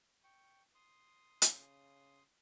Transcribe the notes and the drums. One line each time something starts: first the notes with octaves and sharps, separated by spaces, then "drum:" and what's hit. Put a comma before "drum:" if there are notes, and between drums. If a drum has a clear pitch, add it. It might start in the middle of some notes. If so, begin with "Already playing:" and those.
G5 C#6
C6 D#6
C#3, drum: hi-hat